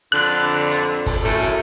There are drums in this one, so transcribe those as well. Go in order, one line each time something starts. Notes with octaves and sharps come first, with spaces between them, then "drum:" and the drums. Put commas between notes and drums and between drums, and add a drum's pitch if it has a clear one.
F2 D3 F#6
drum: hi-hat
drum: kick, open hi-hat
F#2 A2 A3
drum: hi-hat